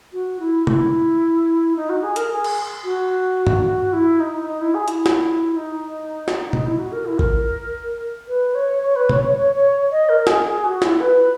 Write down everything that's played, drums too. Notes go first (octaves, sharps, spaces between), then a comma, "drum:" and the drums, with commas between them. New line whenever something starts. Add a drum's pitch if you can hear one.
F#4
E4
E4, drum: tom
D#4
F#4
G#4
A#4, drum: hi-hat
G#4
drum: cymbal
F#4
drum: tom
E4
D#4
D#4
E4
G#4
E4, drum: hi-hat
drum: snare
D#4
drum: snare
D#4, drum: tom B2
E4
F#4
A#4
E4
A#4, drum: kick
B4
C#5
C#5
B4
C#5, drum: tom B2
C#5
C#5
C#5
D#5
A#4
G#4, drum: snare
G#4
F#4
E4, drum: snare
B4